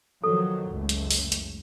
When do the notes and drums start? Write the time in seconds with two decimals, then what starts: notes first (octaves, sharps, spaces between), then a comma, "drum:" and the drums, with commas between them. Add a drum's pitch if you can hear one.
0.24 D#3 F3 F#3 A4
0.68 F#1 C#2 A3
0.89 drum: hi-hat
1.11 drum: open hi-hat
1.32 drum: hi-hat